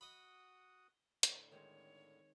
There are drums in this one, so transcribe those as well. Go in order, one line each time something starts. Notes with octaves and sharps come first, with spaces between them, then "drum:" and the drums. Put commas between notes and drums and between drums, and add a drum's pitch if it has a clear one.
F#4 D#5 F#5 B5 D#6
A2 D3, drum: hi-hat
D#3 G#3 C4 C#5